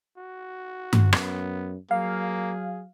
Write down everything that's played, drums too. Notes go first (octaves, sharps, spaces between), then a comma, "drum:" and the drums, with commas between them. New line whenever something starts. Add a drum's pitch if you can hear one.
F#4
drum: tom G2
F#2 B3, drum: rim click
F#3 A#3 G#4 F5